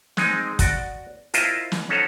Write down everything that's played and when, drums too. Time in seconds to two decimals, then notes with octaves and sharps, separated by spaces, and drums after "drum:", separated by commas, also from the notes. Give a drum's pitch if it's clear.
0.17 G#3 C4 D#4, drum: snare
0.59 F#4 D5, drum: kick, hi-hat
1.34 E4 F4 A#4 C5 D#5, drum: hi-hat
1.72 drum: snare
1.89 C#4 D#4 F#4 A4 C5 A#5